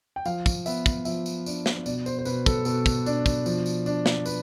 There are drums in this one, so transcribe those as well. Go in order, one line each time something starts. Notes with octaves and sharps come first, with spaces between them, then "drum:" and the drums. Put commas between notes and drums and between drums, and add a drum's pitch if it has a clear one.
G5
F3 F5, drum: tambourine
drum: kick, tambourine
B3 E5, drum: tambourine
drum: kick, tambourine
F3 E5, drum: tambourine
drum: tambourine
D4, drum: tambourine
drum: snare
B2 D5, drum: tambourine
C5, drum: tambourine
C5
B2 B4, drum: tambourine
A4, drum: kick, tambourine
B2 A4, drum: tambourine
drum: kick, tambourine
D4, drum: tambourine
drum: kick, tambourine
F3, drum: tambourine
drum: tambourine
D4, drum: tambourine
drum: snare
D4 B4, drum: tambourine